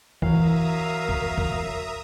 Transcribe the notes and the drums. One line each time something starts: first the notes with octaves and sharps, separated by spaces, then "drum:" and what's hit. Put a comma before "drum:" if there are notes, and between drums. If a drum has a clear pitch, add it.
E3 F#3 A#4 E5 F5 A#5 D#6, drum: kick C2
drum: kick C2
drum: kick C2